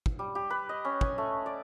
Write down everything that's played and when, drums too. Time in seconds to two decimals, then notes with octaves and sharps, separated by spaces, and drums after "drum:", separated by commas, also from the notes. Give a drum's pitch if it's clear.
0.06 drum: kick
0.19 G3
0.35 G4
0.50 B4
0.69 D#5
0.85 C#4
1.01 G#5, drum: kick
1.18 A3
1.46 D5